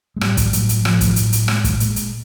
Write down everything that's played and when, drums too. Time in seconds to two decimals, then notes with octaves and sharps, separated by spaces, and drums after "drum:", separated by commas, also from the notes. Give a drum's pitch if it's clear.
0.16 G#3
0.21 A2 G3, drum: rim click
0.37 drum: kick, hi-hat
0.53 A2 F#3, drum: hi-hat
0.69 drum: hi-hat
0.85 A2 F3, drum: rim click
1.01 drum: kick, hi-hat
1.16 A2 F#3, drum: hi-hat
1.33 drum: hi-hat
1.48 A#2 G#3, drum: rim click
1.64 drum: kick, hi-hat
1.80 A#2 G#3, drum: hi-hat
1.96 drum: hi-hat